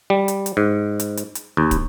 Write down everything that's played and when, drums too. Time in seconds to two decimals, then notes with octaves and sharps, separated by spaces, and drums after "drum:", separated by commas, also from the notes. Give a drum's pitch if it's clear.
0.10 G3
0.28 drum: hi-hat
0.46 drum: hi-hat
0.57 G#2
1.00 drum: hi-hat
1.17 drum: hi-hat
1.35 drum: hi-hat
1.57 D#2
1.71 drum: kick, hi-hat